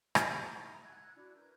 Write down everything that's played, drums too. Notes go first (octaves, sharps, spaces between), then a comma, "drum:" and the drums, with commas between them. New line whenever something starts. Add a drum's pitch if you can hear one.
G4 C5, drum: rim click
E4 G4 A#5 D#6
D#4 E5 A#5
F#5 E6 F#6 G#6
D4 E4 F#4
A#4 B4 G6